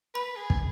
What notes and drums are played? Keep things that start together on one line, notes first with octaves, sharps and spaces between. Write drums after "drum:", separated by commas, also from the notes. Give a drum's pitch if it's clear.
B4 B5
G#4
drum: kick